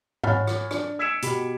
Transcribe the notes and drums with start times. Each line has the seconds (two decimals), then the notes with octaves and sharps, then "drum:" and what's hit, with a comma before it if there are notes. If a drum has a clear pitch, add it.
0.24 C#5 F#5 G#5 B5 F6 A6, drum: tom G#2
0.47 drum: rim click
0.71 D4, drum: rim click
0.99 E6 G#6 B6 C#7 D7 E7
1.22 B2 G4 B5, drum: hi-hat